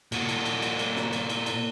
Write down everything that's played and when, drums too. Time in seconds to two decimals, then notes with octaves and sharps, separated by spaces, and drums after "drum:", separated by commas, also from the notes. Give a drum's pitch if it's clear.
0.12 A#2 F#4, drum: cymbal
0.29 drum: cymbal
0.46 drum: cymbal
0.62 drum: cymbal
0.79 drum: cymbal
0.96 drum: snare
1.13 drum: cymbal
1.30 drum: cymbal
1.46 drum: cymbal